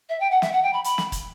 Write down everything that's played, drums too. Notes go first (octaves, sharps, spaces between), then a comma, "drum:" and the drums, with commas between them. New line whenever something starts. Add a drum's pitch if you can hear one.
E5
G5
F#5
E5, drum: snare
F#5
G5
B5
B5, drum: hi-hat
drum: snare
drum: kick, hi-hat